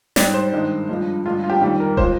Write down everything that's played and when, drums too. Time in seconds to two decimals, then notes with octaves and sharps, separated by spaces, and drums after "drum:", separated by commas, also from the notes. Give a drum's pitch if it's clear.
0.16 G#2 G3 D5, drum: snare
0.34 C5
0.52 G2 D#3 G#3
0.89 G2 F3 G#3
1.26 G2 D3 G#3 F4
1.44 F4
1.50 G4
1.61 F2 D#3 G3
1.80 A#4
1.97 A#2 F3 G#3 C5, drum: kick